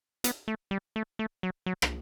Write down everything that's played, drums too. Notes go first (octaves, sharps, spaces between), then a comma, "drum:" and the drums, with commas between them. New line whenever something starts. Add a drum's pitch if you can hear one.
B3, drum: hi-hat
A3
G3
A3
A3
F#3
F#3
drum: rim click